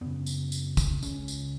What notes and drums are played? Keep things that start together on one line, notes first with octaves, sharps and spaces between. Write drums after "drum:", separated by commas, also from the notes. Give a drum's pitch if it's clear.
F#2 C#3 B3
drum: tambourine
drum: tambourine
drum: kick, tambourine
C#2 C#3 C#4, drum: tambourine
drum: tambourine